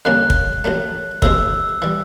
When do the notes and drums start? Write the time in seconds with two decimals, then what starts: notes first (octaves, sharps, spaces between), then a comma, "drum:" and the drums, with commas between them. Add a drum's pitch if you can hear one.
0.05 F2 D3 G3 A#3 C#4 F#6
0.30 drum: kick
0.64 A1 A2 F#3 A3
1.22 D2 C3 E3 G#3 E6, drum: kick
1.82 E3 G3